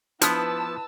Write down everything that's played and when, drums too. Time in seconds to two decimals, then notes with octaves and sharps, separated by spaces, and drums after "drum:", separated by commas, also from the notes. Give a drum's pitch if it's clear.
0.22 F3 B3 D4 E4 B4 A5 D#6 E6, drum: hi-hat